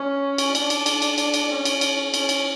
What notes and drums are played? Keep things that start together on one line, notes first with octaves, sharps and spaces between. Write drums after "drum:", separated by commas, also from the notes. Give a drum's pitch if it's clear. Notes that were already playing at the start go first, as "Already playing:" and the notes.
Already playing: C#4
drum: cymbal
D4, drum: cymbal
drum: cymbal
drum: cymbal
drum: cymbal
drum: cymbal
drum: cymbal
C#4
drum: cymbal
drum: cymbal
C#4, drum: cymbal
drum: cymbal